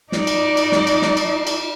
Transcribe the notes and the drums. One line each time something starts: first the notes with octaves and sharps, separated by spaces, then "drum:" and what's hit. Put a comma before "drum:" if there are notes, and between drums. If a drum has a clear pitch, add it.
D#4 D5, drum: snare
drum: cymbal
drum: cymbal
drum: snare
drum: cymbal
drum: snare
drum: cymbal
drum: cymbal